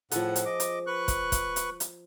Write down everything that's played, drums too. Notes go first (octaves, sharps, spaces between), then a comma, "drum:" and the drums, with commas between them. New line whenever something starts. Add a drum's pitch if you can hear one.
A2 F3 G#4 A4 F#5, drum: hi-hat
drum: hi-hat
D#5 D6
drum: hi-hat
B4 C#6 F#6
drum: kick, hi-hat
drum: kick, hi-hat
drum: hi-hat
drum: hi-hat